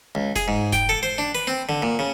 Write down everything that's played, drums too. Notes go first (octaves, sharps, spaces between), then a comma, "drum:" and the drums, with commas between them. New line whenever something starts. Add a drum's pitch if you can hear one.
C#2
G#4, drum: snare F1
G#2
G5, drum: snare F1
A4
C5
D4
B4
C4
D3
A#2
C#3